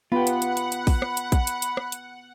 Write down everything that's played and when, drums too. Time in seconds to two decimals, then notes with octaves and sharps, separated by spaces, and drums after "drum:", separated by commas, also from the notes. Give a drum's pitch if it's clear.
0.12 B3 F4 G4 F#5 B5
0.27 drum: hi-hat
0.42 drum: hi-hat
0.57 drum: hi-hat
0.72 drum: hi-hat
0.87 drum: kick, open hi-hat
1.02 drum: rim click
1.17 drum: hi-hat
1.32 drum: kick, hi-hat
1.47 drum: hi-hat
1.62 drum: hi-hat
1.77 drum: rim click
1.92 drum: hi-hat